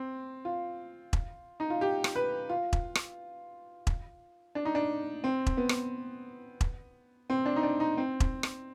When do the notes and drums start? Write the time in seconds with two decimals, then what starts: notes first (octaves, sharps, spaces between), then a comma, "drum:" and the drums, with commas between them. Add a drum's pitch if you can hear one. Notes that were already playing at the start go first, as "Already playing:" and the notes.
Already playing: C4
0.45 F4
1.13 drum: kick E1
1.60 D#4
1.70 F4
1.81 G4
2.04 drum: rim click
2.16 B4
2.49 F4
2.73 drum: kick E1
2.95 drum: rim click
3.87 drum: kick E1
4.55 D4
4.65 D#4
4.75 D4
5.24 C4
5.46 drum: kick E1
5.57 B3
5.69 drum: rim click
6.61 drum: kick E1
7.30 C4
7.46 D4
7.56 D#4
7.63 D4
7.80 D#4
7.97 C4
8.20 drum: kick E1
8.43 drum: rim click